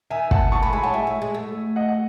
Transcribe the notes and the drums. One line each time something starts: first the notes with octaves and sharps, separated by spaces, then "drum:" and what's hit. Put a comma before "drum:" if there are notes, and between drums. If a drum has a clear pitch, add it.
D#3 E5 G#5
F#5 A5, drum: kick
E3 A5 C#6
A3 G#5 B5
G#3 G#5 B5
F#3 F#5 A5
G#3 E5 G#5
A3
G#3
A3
D#5 F#5
F#5